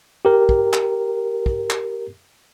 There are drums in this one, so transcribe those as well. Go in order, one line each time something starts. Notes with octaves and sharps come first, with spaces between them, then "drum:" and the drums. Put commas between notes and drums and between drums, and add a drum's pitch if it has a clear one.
G4 A#4
drum: kick
drum: clap
drum: kick
drum: clap